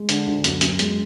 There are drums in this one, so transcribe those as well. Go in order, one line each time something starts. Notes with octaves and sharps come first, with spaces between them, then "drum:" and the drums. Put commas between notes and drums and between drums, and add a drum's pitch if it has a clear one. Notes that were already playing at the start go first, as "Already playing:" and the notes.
Already playing: G#3
D3, drum: hi-hat
D2
F#2, drum: hi-hat
F#2, drum: hi-hat
G#3, drum: hi-hat